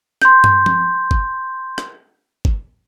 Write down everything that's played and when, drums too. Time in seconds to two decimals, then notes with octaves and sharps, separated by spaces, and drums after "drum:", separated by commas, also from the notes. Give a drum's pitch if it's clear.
0.22 C6 G6, drum: rim click
0.44 drum: tom
0.66 drum: tom F3
1.11 drum: kick
1.78 drum: rim click
2.45 drum: kick